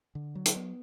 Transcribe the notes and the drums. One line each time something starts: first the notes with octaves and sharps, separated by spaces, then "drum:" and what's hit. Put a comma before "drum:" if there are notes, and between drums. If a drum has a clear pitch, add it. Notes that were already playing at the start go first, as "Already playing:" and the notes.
D3
F#3
drum: hi-hat
B3